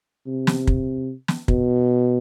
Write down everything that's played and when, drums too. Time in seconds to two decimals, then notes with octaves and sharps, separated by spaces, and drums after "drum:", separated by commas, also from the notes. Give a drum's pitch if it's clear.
0.27 C3
0.47 drum: snare
0.67 drum: kick
1.28 drum: snare
1.48 B2, drum: kick